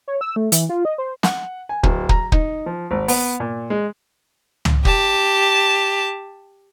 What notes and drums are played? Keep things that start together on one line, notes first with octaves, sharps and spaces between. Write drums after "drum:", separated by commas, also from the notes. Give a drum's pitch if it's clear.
C#5
E6
A3
E3, drum: hi-hat
F4
D#5
C5
F#5, drum: snare
G#5
D1, drum: kick
A#5, drum: kick
D#4, drum: kick
F3
G#1
B3, drum: open hi-hat
A#2
G#3
drum: tom
G4 A5, drum: kick